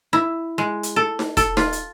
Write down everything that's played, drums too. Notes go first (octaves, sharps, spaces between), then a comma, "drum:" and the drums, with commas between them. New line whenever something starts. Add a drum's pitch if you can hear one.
E4
G#3
drum: hi-hat
A4
drum: snare D#4
A4, drum: kick, hi-hat
F4, drum: snare D#4
drum: hi-hat